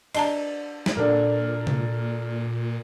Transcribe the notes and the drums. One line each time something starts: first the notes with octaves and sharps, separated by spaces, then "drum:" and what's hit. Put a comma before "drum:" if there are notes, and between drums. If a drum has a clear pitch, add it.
D4 D#5 A5 A#5, drum: cymbal
drum: snare
A#2 D4 A4 A#4
drum: tom C3